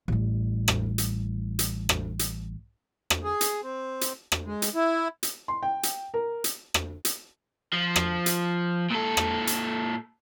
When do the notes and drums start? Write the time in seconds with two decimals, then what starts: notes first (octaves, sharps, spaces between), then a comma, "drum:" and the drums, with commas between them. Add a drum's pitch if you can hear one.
0.08 A1 G3
0.68 drum: rim click
0.98 drum: hi-hat
1.59 drum: hi-hat
1.89 drum: rim click
2.19 drum: hi-hat
3.10 drum: rim click
3.24 G#4
3.41 drum: hi-hat
3.63 C4
4.01 drum: hi-hat
4.32 drum: rim click
4.45 G#3
4.62 drum: hi-hat
4.75 E4
5.23 drum: hi-hat
5.48 C6
5.63 G5
5.83 drum: hi-hat
6.14 A#4
6.44 drum: hi-hat
6.74 drum: rim click
7.05 drum: hi-hat
7.73 F3
7.96 drum: rim click
8.26 drum: hi-hat
8.90 A#2 A4
9.17 drum: rim click
9.47 drum: hi-hat